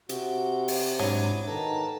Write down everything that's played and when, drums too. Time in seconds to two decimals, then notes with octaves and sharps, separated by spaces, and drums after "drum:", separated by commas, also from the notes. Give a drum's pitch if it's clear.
0.09 C3 F#4 G4, drum: hi-hat
0.68 drum: open hi-hat
0.99 G#2 F#3 G#3 D4 E4 D5
1.48 D#3 A4 B4 A5 A#5